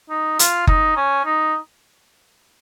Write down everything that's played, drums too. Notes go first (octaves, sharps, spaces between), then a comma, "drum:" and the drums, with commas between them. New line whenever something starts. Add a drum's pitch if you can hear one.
D#4
F4, drum: hi-hat
D#4, drum: kick F#1
C#4
D#4